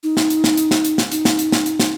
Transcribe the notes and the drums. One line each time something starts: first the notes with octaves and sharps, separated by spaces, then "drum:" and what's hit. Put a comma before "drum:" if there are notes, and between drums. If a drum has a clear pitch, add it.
D#4
drum: snare
drum: hi-hat
drum: snare
drum: hi-hat
drum: snare
drum: hi-hat
drum: snare
D#4, drum: hi-hat
drum: snare
drum: hi-hat
drum: snare
drum: hi-hat
drum: snare